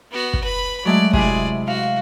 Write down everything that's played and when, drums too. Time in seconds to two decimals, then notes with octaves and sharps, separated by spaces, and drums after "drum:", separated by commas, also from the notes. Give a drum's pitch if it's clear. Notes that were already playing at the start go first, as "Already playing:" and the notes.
0.11 B3 F#4
0.33 drum: kick
0.43 B4 B5
0.85 F#3 G#3 A3 D5
1.13 C3 G#3 E4 G#4 D5, drum: kick
1.68 F#4 F5